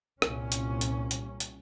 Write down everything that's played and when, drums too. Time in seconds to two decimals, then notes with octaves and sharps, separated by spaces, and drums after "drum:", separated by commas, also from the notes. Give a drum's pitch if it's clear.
0.22 C2 A#2 C#4, drum: rim click
0.52 drum: hi-hat
0.81 drum: hi-hat
1.11 drum: hi-hat
1.40 drum: hi-hat